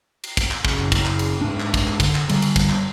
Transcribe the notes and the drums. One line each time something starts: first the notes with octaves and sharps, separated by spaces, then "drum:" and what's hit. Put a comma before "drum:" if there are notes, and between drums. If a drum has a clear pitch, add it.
drum: cymbal
drum: kick, cymbal
drum: clap
F#1, drum: kick
drum: clap
drum: kick, cymbal
drum: clap
drum: cymbal
G#2 D4
drum: clap
drum: kick, cymbal
drum: clap
D3, drum: kick, cymbal
drum: clap
D3 G3, drum: cymbal
drum: cymbal
drum: kick, cymbal
drum: clap